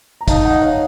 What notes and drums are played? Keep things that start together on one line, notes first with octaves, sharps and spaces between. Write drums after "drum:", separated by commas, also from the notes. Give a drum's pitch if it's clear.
A#5
D#4 F5 A5, drum: kick, hi-hat
D#5 F#5
C#5 F5